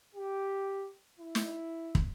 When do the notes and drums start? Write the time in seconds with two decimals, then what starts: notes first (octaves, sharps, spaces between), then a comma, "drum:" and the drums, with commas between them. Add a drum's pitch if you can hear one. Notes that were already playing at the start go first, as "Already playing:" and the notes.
0.15 G4
1.19 E4
1.35 drum: snare
1.95 drum: kick